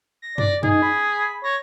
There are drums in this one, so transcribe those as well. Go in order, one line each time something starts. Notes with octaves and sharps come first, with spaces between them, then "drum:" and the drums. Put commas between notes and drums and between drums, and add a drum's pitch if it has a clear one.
A#6
D5, drum: tom F#2
D#4 G#4, drum: tom F#2
B5
C#5 A#6